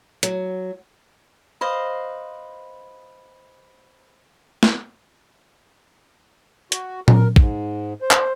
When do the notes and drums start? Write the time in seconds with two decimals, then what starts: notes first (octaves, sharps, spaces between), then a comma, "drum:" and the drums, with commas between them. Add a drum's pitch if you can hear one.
0.23 F#3, drum: hi-hat
1.61 B4 C5 D#5 F5
4.63 drum: snare
6.72 F#4, drum: hi-hat
7.08 A#4, drum: tom A#2
7.36 G#2, drum: kick
8.02 C5
8.11 drum: clap